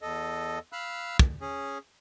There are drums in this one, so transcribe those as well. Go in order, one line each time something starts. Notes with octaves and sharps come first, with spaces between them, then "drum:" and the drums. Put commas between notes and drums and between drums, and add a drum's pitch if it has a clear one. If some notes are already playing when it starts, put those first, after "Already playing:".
E2 A4 D#5
F5 B5 E6 F#6
drum: kick
C#4 G#4